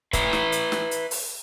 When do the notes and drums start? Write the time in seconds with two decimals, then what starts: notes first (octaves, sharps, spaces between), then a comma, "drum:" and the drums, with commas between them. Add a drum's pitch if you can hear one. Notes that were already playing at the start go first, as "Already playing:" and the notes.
0.13 B4 E5 A#5, drum: kick, hi-hat
0.33 drum: snare
0.52 drum: hi-hat
0.72 drum: snare
0.91 drum: hi-hat
1.11 drum: open hi-hat